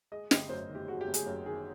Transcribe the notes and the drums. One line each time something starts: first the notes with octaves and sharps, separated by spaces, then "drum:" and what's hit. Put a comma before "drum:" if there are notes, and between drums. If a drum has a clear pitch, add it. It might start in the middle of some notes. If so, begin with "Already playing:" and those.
G#3 D#5
G1 D#5, drum: snare
F#2 C5
D#3
G4
G#3 F#4
G4
G1
G#4, drum: hi-hat
F#2
D#3 G#4